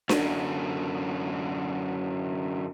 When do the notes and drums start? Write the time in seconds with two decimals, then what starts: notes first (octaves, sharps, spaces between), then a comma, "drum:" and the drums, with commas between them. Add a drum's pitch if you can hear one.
0.09 F#2 D3, drum: snare D4